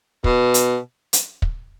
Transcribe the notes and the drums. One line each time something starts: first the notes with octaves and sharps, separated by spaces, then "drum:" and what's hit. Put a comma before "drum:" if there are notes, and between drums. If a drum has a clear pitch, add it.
B2, drum: kick
drum: hi-hat
drum: hi-hat
drum: kick